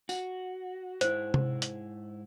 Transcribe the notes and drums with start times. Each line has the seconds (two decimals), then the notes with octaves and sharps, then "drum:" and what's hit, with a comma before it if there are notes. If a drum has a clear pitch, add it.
0.09 F#4, drum: tambourine
1.01 G#2 E4 C5, drum: hi-hat
1.34 drum: tom C3
1.62 drum: hi-hat